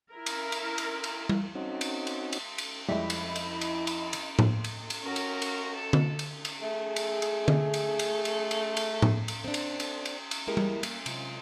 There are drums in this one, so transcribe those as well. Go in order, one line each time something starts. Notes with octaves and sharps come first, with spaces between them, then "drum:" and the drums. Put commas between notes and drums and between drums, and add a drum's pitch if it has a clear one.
E4 A#4
drum: cymbal
drum: cymbal
drum: cymbal
drum: cymbal
drum: tom G3
C4 C#4 D#4 F#4
drum: cymbal
drum: cymbal
drum: cymbal
drum: cymbal
F2 G3 G#3 E4 D#5 E5 B5
drum: cymbal
drum: cymbal
drum: cymbal
drum: cymbal
drum: cymbal
drum: tom A2
drum: cymbal
drum: cymbal
C#4 F#4 A#4
drum: cymbal
drum: cymbal
A4
drum: tom D3
drum: cymbal
drum: cymbal
A3 G#4
drum: cymbal
drum: cymbal
drum: tom D3
drum: cymbal
drum: cymbal
drum: cymbal
drum: cymbal
drum: cymbal
drum: tom A2
drum: cymbal
C4 D4
drum: cymbal
drum: cymbal
drum: cymbal
drum: cymbal
G#3 A#3 E4 G4 G#4 A#4
drum: tom G3
A#3, drum: cymbal
C3 F#3 G#3 F4, drum: cymbal